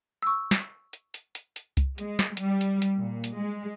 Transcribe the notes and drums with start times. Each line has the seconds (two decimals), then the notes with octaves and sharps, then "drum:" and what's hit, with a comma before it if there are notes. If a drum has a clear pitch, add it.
0.23 C#6 E6
0.51 drum: snare
0.93 drum: hi-hat
1.14 drum: hi-hat
1.35 drum: hi-hat
1.56 drum: hi-hat
1.77 drum: kick C2, hi-hat
1.98 G#3, drum: hi-hat
2.19 drum: snare
2.37 G3, drum: hi-hat
2.61 drum: hi-hat
2.82 drum: hi-hat
2.96 A#2
3.24 drum: hi-hat
3.37 G#3